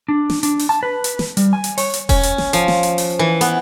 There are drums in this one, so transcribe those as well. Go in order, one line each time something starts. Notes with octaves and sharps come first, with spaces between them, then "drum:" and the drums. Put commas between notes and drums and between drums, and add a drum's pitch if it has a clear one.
D4
drum: snare
D4, drum: hi-hat
drum: open hi-hat
A5
B4
drum: hi-hat
drum: snare
G3, drum: hi-hat
G#5
drum: hi-hat
C#5, drum: open hi-hat
drum: hi-hat
C#4, drum: kick E1, open hi-hat
drum: hi-hat
drum: snare
F3, drum: hi-hat
drum: snare
drum: hi-hat
drum: open hi-hat
E3
B3, drum: hi-hat